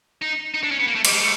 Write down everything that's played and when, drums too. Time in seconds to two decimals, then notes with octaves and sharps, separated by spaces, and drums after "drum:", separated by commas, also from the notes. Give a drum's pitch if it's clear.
0.22 D#4
0.54 D#4
0.63 D4
0.71 C#4
0.80 B3
0.87 A#3
0.96 A3
1.05 G3, drum: cymbal
1.13 G#3
1.21 A3